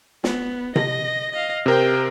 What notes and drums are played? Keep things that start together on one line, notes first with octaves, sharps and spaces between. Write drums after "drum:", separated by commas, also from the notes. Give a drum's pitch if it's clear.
B3, drum: snare
D#5 A#6, drum: tom C3
D#5 F5
C3 A#4 C5 G5